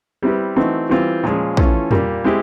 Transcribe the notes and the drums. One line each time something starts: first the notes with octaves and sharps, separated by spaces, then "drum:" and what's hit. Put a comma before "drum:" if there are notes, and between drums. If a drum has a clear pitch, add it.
G3 C4 E4 G4 B4
E3 A3 C4 D#4 F#4
E3 G3 C4 F4
A#2 F3 G#3 C#4
E3 A3 C#4 F4 A4, drum: kick
A#2 G3 A#3, drum: tom
G#3 C4 E4 G4